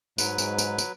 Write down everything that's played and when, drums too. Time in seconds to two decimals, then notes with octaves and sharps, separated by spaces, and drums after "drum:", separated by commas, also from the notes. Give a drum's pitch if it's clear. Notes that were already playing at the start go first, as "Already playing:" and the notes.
0.18 G#2 F#3 B4, drum: tambourine
0.38 drum: tambourine
0.58 drum: tambourine
0.78 drum: tambourine